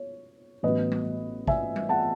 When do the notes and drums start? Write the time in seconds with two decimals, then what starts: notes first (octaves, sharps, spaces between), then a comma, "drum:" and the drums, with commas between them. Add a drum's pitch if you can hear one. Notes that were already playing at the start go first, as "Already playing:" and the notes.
Already playing: C#5
0.63 A1 A2 F#3 B3 B4 D#5
0.91 drum: tom G3
1.47 E5 G#5, drum: kick
1.76 drum: tom G3
1.89 F#5 A5